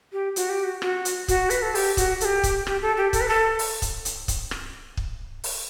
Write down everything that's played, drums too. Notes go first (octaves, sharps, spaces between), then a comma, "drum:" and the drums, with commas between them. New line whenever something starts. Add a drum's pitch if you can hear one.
G4
F#4, drum: hi-hat
G4
F#4
F#4, drum: rim click
drum: hi-hat
F#4, drum: kick, hi-hat
B4, drum: hi-hat
A4
G4, drum: open hi-hat
F#4, drum: kick, hi-hat
A4, drum: hi-hat
G4
drum: kick, hi-hat
G4, drum: rim click
A4
G4
A4, drum: kick, hi-hat
B4
A4
drum: open hi-hat
drum: kick, hi-hat
drum: hi-hat
drum: kick, hi-hat
drum: rim click
drum: kick
drum: open hi-hat